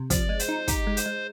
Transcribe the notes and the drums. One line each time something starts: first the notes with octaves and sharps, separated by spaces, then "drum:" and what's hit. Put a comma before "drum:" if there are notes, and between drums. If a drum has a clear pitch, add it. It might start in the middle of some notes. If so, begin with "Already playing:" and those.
Already playing: C3
F3 D5, drum: kick, hi-hat
G#3
C5, drum: hi-hat
D#4
D#4 G4, drum: kick, hi-hat
G#3
C5, drum: hi-hat
G#3